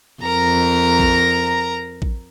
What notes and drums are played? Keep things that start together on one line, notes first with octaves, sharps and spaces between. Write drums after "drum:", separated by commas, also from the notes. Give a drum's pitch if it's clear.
F2 A#4 A#5
drum: kick A1
drum: kick A1